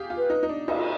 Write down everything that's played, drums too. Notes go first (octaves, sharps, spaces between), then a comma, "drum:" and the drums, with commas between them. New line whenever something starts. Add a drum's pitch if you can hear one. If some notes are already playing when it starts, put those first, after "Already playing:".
Already playing: F4 G4 G#4
F4
B4
D#4
D#4
D4
D#4, drum: cymbal